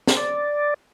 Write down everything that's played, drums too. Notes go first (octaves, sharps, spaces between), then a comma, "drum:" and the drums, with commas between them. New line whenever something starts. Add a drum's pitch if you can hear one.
drum: snare
D5